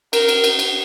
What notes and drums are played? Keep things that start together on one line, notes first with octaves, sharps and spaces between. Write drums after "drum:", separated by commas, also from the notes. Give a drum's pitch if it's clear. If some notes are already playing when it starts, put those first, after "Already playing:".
A#4, drum: cymbal
drum: cymbal
drum: cymbal
drum: cymbal